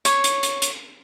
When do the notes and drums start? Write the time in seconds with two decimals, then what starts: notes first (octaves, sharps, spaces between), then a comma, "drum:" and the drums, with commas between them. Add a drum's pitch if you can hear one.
0.05 C#5, drum: hi-hat
0.24 drum: hi-hat
0.43 drum: hi-hat
0.62 drum: hi-hat